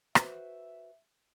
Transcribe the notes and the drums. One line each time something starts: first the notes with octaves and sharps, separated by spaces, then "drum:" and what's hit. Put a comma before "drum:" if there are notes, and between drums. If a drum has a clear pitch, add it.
F#4 B4 C5 E5, drum: rim click